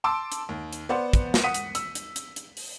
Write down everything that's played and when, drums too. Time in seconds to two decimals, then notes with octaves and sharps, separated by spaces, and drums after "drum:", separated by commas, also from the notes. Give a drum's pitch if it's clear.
0.04 A5 C6 D6 E6 D7
0.32 drum: hi-hat
0.49 D#2
0.73 drum: hi-hat
0.89 B3 C5 D5 F#5
1.13 drum: kick, hi-hat
1.34 drum: snare
1.44 F#5 D#6 B6 C#7 D#7
1.54 drum: hi-hat
1.75 E6, drum: hi-hat
1.95 drum: hi-hat
2.16 drum: hi-hat
2.36 drum: hi-hat
2.57 drum: open hi-hat